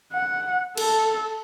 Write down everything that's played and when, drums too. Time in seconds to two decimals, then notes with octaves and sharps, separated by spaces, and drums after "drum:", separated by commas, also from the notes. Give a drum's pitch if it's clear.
0.12 F#5
0.77 A4, drum: cymbal